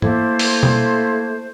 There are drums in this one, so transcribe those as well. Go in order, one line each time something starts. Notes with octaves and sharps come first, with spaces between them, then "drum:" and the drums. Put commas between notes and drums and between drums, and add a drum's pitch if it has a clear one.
A3 A#3 E4 A4 C5, drum: tom G#2
drum: open hi-hat
drum: tom B2